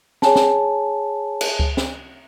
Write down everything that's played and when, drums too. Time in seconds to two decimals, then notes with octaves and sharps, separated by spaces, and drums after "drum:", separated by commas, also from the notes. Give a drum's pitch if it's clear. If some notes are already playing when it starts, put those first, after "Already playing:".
0.22 G#4 C#5 G#5 A5, drum: snare
0.36 drum: snare
1.41 drum: cymbal
1.59 drum: kick C#2
1.77 drum: snare